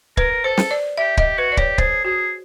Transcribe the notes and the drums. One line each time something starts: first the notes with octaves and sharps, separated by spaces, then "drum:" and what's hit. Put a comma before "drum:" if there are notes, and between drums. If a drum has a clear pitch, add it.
A#4 B4, drum: kick
A4 C5
drum: snare
D5
G4 E5
G4 D#5, drum: kick
F#4 B4
D5
G4 C#5, drum: kick
G#4 C5, drum: kick
F#4 G#4